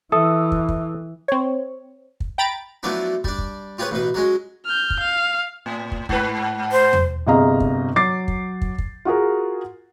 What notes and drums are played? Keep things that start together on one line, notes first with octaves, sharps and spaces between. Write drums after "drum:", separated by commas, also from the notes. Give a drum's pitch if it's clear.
E3 A4 E5 D#6
drum: kick
drum: kick
C4 C#5
drum: kick
G5 A#5 B5 A6 D7
F3 F#3 A3 B3 D4 E4
G3 D4, drum: kick
drum: kick
F4 G4 G#4 B4 C#5
A1 B2 B4
F#3 G#3 C#4
F6 G6
drum: kick
F5
A2
drum: kick
G#2 B4, drum: kick
C5
drum: tom E2
G1 C3 G#4 D#5 F5 A#5
drum: kick
F#3 D6 A6 C7
drum: kick
drum: kick
drum: kick
F4 F#4 G#4 A#4